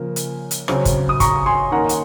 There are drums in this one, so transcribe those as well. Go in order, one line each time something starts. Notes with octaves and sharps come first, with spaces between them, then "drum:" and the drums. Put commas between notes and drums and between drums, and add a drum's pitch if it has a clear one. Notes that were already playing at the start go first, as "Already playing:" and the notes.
Already playing: C#3 F3 A#3
drum: hi-hat
drum: hi-hat
C#3 F#3 C4, drum: rim click
drum: kick, hi-hat
D#6
A#5 C#6, drum: kick, hi-hat
G#5 C6
D#3 A#3 C#4 F#5 A#5
drum: hi-hat